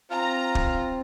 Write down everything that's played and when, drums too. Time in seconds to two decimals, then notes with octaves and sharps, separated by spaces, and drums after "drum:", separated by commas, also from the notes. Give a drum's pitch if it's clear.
0.11 C4 F4 A#5
0.55 drum: kick